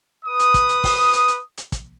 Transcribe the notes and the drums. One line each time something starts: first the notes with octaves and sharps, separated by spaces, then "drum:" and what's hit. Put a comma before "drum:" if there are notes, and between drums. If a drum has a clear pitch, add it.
B4 D#6
drum: hi-hat
drum: kick, hi-hat
drum: hi-hat
drum: kick, open hi-hat
drum: hi-hat
drum: hi-hat
drum: hi-hat
drum: kick, hi-hat